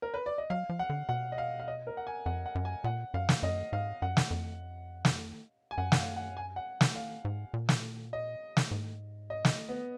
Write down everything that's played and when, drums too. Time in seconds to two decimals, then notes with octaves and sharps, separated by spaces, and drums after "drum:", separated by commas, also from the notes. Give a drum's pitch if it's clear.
0.02 A#4
0.14 B4
0.26 D5
0.38 D#5
0.50 F#3 F5
0.69 F3
0.79 F#5
0.90 D3
1.09 B2 F#5
1.32 D#5
1.38 F5
1.60 F5
1.68 D#5
1.87 A#4
1.97 F#5
2.07 G#5
2.26 F2 F#5
2.46 F#5
2.55 F#2
2.65 G#5
2.84 A#2 F#5
3.14 F#2 F5
3.29 drum: snare
3.43 F#2 D#5
3.73 G#2 F5
4.02 F#2 F#5
4.17 drum: snare
4.31 F2
5.05 drum: snare
5.71 G#5
5.78 F#2 F#5
5.92 F#5, drum: snare
5.97 F5
6.17 F#5
6.37 G#5
6.56 F#5
6.81 drum: snare
6.96 F5
7.25 G#2
7.54 A#2
7.69 drum: snare
8.13 D#5
8.57 drum: snare
8.71 G#2
9.30 D#5
9.45 drum: snare
9.69 B3